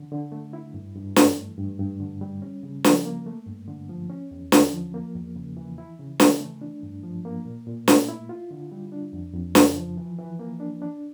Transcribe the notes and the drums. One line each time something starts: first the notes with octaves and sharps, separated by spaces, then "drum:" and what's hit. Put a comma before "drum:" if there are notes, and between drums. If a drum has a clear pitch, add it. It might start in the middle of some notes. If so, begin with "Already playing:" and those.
Already playing: D3
D3
A3
E4
G2
G2
E3, drum: snare
A3
G2
G2
D3
G3
C#4
C#3
F3, drum: snare
A#3
A3
G2
D3
F3
C#4
E2
D3, drum: snare
F3
A#3
E2
C#3
E3
E4
C#3
E3, drum: snare
A3
D4
G2
F3
A#3
A#2
A#2
A3, drum: snare
E4
F4
D3
G3
D4
F2
F2
C#3, drum: snare
F3
E3
E3
A#3
D4
D4